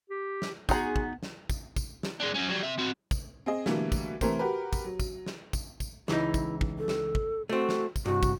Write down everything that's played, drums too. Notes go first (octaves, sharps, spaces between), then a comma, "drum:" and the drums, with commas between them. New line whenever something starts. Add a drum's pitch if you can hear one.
G4
drum: snare
B3 D#4 F#4 G#4 F#5 A#5 C6, drum: kick, tambourine
drum: kick
drum: snare
drum: kick, tambourine
drum: kick, tambourine
drum: snare
G#3 D4
F#3 C#4
F#3 G3
C3 E5
C4 F#4
drum: kick, tambourine
C4 G#4 D#5
B2 D3 E3 G3 A3 A#3, drum: snare
drum: kick, tambourine
C3 E3 A3 A#4 C5, drum: kick, tambourine
F#4 G4 A#4 B4
drum: kick, tambourine
F#3
drum: kick, tambourine
drum: snare
drum: kick, tambourine
drum: kick, tambourine
C#2 E3 D#4 E4, drum: snare
drum: kick, tambourine
drum: kick
A4
drum: snare
drum: kick
A3 C4 F#4
drum: snare
drum: kick, tambourine
C2 G2 F#4
drum: kick, tambourine